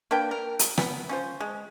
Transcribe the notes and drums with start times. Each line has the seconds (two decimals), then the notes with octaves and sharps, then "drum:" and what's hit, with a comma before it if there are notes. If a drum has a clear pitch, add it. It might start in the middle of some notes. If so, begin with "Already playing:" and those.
0.11 A#3 D4 B4 G5
0.31 A#4
0.59 drum: hi-hat
0.78 B3, drum: rim click
1.09 C#4 F4 C5
1.40 G#3